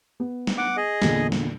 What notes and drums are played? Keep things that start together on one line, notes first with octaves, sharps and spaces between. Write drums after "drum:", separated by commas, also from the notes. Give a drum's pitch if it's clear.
B3
drum: snare
F#5 D6
G#4 D#5
E2 A#2 D3, drum: snare
drum: snare